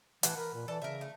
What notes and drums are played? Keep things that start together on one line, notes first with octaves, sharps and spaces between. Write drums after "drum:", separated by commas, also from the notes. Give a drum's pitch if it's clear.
A2 E3 F#5 A5, drum: hi-hat
A#4 B4
A#2
E3 A4 D5 A5
C#3 A#4 E5
A3